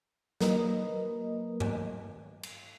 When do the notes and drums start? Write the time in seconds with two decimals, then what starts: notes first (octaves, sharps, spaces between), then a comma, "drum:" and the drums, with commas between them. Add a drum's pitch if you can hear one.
0.40 F#3 A#3 A#4 B4 D#5, drum: snare
1.60 drum: tom G2
2.43 drum: cymbal